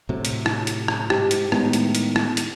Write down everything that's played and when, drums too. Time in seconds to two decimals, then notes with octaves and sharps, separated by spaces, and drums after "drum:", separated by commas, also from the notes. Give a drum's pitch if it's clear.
0.09 A2 C3 F#3
0.25 drum: hi-hat
0.46 drum: rim click
0.67 drum: hi-hat
0.88 drum: rim click
1.10 G#2 G4, drum: rim click
1.31 drum: hi-hat
1.52 A2 D#3 G#3 B3, drum: rim click
1.73 drum: hi-hat
1.95 drum: hi-hat
2.16 drum: rim click
2.37 drum: hi-hat